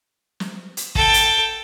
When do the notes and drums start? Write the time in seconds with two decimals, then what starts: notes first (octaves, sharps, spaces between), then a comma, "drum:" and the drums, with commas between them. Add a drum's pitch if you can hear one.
0.40 drum: snare
0.77 drum: hi-hat
0.95 A4 G5, drum: kick
1.14 drum: hi-hat